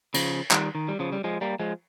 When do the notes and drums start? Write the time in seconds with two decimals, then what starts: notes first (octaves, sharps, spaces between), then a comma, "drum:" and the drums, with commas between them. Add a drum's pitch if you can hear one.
0.14 C#3 F3, drum: cymbal
0.51 D#3 G3, drum: clap
0.75 D#3
0.89 G3
0.99 C#3 F3
1.12 G3
1.24 F3 G#3
1.41 G3 A#3
1.60 F3 G#3